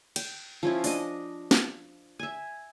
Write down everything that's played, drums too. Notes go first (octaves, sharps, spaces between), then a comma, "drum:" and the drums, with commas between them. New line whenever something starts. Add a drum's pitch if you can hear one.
G5, drum: cymbal
F3 C#4 E4
D4 D#5, drum: open hi-hat
drum: snare
E5 G#5